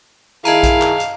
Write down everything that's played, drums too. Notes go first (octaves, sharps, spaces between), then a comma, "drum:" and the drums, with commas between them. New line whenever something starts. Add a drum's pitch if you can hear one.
D#3 E4 G#4 D#5 F5 A5 A#5, drum: hi-hat
drum: kick A#1, hi-hat
drum: clap
drum: hi-hat